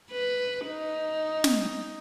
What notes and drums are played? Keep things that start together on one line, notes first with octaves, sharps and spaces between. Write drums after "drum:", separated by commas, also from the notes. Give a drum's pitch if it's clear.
B4
D#4
drum: snare